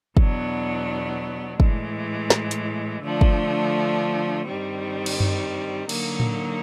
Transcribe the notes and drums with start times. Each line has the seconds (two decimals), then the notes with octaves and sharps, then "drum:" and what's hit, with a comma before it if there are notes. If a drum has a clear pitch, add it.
0.17 E2 B2 F#3 B3 D4, drum: kick
1.60 A2 E3 G#3, drum: kick
2.30 drum: snare
2.51 drum: hi-hat
3.03 D3 F3 A3 D4
3.21 drum: kick
4.46 G2 D#3 G3 C4
5.06 drum: cymbal
5.20 drum: tom F#2
5.89 D3 F#3 A#3 D#4, drum: cymbal
6.20 drum: tom A2